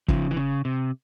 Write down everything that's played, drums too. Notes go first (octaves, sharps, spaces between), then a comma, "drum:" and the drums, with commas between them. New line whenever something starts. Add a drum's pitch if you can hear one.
C#3 F3, drum: kick
E3
C#3
C3